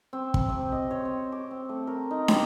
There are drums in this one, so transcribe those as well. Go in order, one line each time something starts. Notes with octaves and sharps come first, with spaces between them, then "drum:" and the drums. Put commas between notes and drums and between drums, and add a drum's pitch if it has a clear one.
C4
drum: kick
C3
D#5
C#5
C4
D6
C4
A3
A#4
D#4
G4, drum: snare